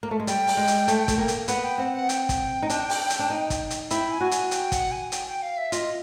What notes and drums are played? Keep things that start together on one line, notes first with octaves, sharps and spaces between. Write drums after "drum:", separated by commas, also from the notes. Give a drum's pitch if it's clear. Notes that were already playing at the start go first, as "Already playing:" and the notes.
A#3
A3
G#3
G3 G5, drum: hi-hat
drum: open hi-hat
G#3
drum: hi-hat
A3, drum: hi-hat
A3, drum: kick, hi-hat
A#3
drum: hi-hat
B3 F#5, drum: hi-hat
G5
C4 F#5
F#5
G5, drum: hi-hat
drum: kick, hi-hat
D#4
D4, drum: hi-hat
drum: open hi-hat
drum: hi-hat
D4
D#4
drum: kick, hi-hat
drum: hi-hat
E4 G5, drum: hi-hat
G#5
F#4
G#5, drum: hi-hat
G5, drum: hi-hat
F#5, drum: kick, hi-hat
G#5
G5, drum: hi-hat
G5
F5
E5
F4 D#5, drum: hi-hat